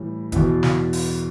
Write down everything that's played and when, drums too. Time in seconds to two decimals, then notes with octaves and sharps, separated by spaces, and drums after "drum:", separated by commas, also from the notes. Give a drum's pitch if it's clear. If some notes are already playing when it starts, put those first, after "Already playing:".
Already playing: A2 E3 G3
0.32 E2 B2 B3 E4, drum: kick, hi-hat
0.63 drum: snare
0.93 drum: open hi-hat